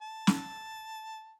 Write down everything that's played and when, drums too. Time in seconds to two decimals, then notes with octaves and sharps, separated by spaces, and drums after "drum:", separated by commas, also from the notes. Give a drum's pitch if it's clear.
0.02 A5
0.27 drum: snare